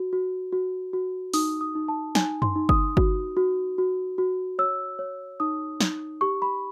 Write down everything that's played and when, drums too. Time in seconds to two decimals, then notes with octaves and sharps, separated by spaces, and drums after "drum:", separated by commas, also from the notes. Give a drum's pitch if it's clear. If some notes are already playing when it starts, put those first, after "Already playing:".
Already playing: F#4
0.13 F#4
0.53 F#4
0.93 F#4
1.34 D#4 D#6, drum: open hi-hat
1.61 D#6
1.75 D#4
1.88 A5
2.15 D#4 G#5, drum: snare
2.42 C6, drum: tom F#2
2.56 D#4
2.69 D#6, drum: kick G1
2.97 F#4, drum: kick G1
3.37 F#4
3.78 F#4
4.18 F#4
4.59 C#5 E6
4.99 C#5
5.40 D#4 D#6
5.80 D#4, drum: snare
6.21 G4 C#6
6.42 B5